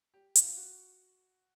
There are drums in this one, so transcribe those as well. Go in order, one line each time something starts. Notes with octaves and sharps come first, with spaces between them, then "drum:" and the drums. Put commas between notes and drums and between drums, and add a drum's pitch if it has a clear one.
G4
F4, drum: hi-hat
F#4